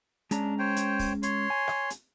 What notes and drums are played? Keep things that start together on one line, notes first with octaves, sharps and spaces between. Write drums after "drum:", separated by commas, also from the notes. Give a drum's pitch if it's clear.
G#3 C#4 D4 A#5, drum: hi-hat
C5 C#5 G5
drum: hi-hat
drum: kick, open hi-hat
C#5 C6, drum: hi-hat
G#5
drum: rim click
drum: hi-hat